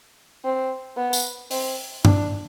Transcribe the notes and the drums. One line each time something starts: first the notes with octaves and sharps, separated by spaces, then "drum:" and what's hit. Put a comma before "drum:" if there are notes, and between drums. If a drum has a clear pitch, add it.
C4
B3
drum: tambourine
C4, drum: open hi-hat
D4, drum: tom G2